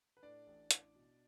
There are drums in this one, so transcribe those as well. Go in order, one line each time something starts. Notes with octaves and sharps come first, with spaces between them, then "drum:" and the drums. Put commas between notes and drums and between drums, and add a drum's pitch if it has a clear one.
B4
A2 D4 D5
A1
A1, drum: hi-hat
B2